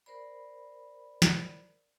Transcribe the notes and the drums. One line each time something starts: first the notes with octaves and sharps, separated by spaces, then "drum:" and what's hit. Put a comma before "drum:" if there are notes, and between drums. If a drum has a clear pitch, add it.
A#4 C5 D5 B5
drum: snare